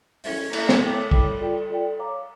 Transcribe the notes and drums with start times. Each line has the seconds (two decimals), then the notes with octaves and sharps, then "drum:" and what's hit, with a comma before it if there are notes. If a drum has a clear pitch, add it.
0.24 C#4 E4 A4 E5, drum: open hi-hat
0.53 A#3 E4 A4 E5, drum: cymbal
0.69 drum: snare
0.82 A3 E4 A4 C#5 G5 D6
1.11 G3 E4 A4 C#5 G5 D6, drum: kick
1.41 F4 A4 D5 G5
1.69 F4 A4 D5 G5
1.99 C#5 F5 A#5 D6